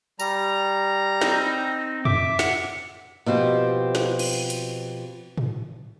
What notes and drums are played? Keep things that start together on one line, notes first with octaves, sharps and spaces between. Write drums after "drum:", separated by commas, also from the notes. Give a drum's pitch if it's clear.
G3 A#5, drum: tambourine
C4 D#4, drum: snare
E5 D6, drum: tom F2
F#5, drum: snare
B2 F3 C4 G4
drum: snare
drum: cymbal
drum: hi-hat
drum: tom G#2